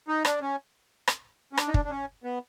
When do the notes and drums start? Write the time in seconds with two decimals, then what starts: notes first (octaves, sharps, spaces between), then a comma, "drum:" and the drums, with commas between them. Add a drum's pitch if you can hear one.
0.08 D#4
0.25 D4, drum: rim click
0.41 C#4
1.07 drum: rim click
1.53 C#4
1.57 D4, drum: rim click
1.68 D#4
1.74 D4, drum: kick
1.85 D4
1.90 C#4
2.24 B3